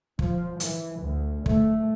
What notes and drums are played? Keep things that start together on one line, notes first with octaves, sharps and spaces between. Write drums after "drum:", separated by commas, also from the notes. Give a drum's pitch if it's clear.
F3, drum: kick
E3, drum: hi-hat
D2
A3, drum: kick